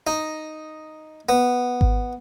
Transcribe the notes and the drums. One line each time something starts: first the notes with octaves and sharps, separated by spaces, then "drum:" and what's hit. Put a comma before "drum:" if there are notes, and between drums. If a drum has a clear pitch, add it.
D#4
B3
drum: kick G#1